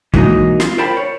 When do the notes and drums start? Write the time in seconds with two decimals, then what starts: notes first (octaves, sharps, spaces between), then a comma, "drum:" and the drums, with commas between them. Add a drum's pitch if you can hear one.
0.14 E3 F#3 G#3 A#3 D4 D#4, drum: kick
0.60 F4, drum: snare
0.78 A#4 C5 F5 G5 A5 B5
0.97 C#5